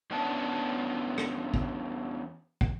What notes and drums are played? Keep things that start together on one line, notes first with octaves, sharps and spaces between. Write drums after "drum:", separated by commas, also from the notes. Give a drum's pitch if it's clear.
E2 B3 C#4 D4 A5
drum: rim click
drum: kick
drum: kick